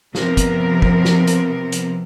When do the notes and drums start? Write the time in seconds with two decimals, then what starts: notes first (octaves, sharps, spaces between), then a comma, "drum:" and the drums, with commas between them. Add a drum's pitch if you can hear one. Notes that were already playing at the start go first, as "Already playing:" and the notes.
0.15 C3 F3 B3 C4 A#4, drum: snare
0.37 drum: kick, hi-hat
0.82 drum: kick
1.05 drum: snare
1.27 drum: hi-hat
1.72 drum: hi-hat